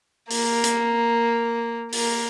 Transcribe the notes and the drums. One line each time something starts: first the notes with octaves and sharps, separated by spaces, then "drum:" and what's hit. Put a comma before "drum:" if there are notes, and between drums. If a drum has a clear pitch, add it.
A#3, drum: open hi-hat
drum: hi-hat
A#3, drum: open hi-hat